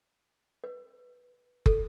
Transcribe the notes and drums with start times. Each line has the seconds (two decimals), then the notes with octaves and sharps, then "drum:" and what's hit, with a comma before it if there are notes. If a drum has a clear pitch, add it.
0.64 B4
1.66 A4, drum: kick